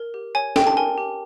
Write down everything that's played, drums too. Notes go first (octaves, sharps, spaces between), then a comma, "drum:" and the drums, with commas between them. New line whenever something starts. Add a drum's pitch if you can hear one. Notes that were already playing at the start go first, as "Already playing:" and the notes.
Already playing: A#4
G4
C#5 G#5
G4 G5, drum: snare
A5
A#4 G#5
G4